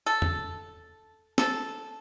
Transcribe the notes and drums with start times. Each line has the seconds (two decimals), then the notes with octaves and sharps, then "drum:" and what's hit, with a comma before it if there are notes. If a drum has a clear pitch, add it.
0.06 A4
0.22 drum: tom E2
1.38 A4, drum: snare